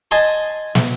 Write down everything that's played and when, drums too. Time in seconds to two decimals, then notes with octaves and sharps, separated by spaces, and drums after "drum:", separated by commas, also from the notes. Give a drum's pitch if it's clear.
0.11 D#5 G#5 A5 C6
0.75 drum: snare